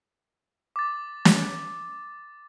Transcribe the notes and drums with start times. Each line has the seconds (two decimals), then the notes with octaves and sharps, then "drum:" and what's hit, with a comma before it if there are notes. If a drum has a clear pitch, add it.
0.76 D6 A6
1.25 drum: snare